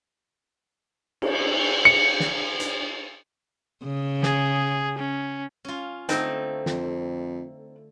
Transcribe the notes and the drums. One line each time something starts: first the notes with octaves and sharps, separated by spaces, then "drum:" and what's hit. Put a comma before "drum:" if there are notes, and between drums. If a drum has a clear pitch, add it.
drum: cymbal
C#7
drum: snare
drum: hi-hat
C#3
G#4, drum: snare
C#4
C#4 F4
D3 A3 C4 D#4, drum: hi-hat
F2, drum: snare